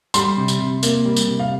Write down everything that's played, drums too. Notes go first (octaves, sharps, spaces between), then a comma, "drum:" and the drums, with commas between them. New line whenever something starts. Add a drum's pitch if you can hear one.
G3 C6, drum: tambourine
C3
drum: tambourine
C3
A#3, drum: tambourine
G3
drum: tambourine
C3
F5